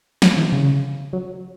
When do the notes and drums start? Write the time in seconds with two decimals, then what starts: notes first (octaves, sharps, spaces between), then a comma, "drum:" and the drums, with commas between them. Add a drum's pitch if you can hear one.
0.22 F#3, drum: snare
0.37 E3
0.52 C#3
1.13 F#3